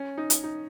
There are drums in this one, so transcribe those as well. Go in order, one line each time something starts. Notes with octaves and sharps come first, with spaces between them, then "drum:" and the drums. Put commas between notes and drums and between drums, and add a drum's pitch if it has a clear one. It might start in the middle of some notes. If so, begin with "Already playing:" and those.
Already playing: C#4
D#4
drum: hi-hat
D#4